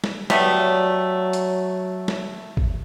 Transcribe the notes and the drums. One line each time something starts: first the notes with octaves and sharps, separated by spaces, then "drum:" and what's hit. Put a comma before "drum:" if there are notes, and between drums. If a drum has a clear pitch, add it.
drum: snare
F#3 G3 A3 B3 C#5, drum: snare
drum: hi-hat
drum: snare
drum: kick